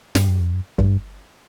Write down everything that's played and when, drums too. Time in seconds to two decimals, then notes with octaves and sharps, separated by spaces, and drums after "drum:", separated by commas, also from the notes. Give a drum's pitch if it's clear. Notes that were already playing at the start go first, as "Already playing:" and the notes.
0.15 G2, drum: snare
0.28 F#2
0.40 F2
0.54 F#2
0.78 G2, drum: kick